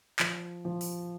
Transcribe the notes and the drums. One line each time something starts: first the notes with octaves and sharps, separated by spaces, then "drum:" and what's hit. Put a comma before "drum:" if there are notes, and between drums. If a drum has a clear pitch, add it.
F3, drum: clap
F3
drum: open hi-hat